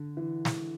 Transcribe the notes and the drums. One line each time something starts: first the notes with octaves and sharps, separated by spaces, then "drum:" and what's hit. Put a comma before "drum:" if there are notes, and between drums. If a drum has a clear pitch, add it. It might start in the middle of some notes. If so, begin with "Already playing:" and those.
Already playing: D3
E3
drum: snare